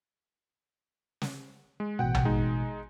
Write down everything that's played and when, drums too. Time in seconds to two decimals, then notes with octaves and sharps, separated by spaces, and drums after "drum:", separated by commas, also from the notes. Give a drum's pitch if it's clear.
1.22 drum: snare
1.80 G#3
1.99 A1 B2 F#5 G5
2.14 drum: tom
2.25 G#3 D#4